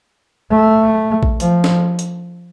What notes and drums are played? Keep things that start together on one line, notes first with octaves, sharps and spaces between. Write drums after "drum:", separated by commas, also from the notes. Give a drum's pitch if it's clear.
A3
drum: kick A#1
F3, drum: hi-hat
drum: snare
drum: hi-hat